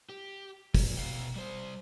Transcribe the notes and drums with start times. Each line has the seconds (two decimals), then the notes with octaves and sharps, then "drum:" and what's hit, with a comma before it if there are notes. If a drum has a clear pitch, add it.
0.09 G4
0.75 A#2, drum: kick, open hi-hat
0.97 B2 F5 G5
1.36 G3 C5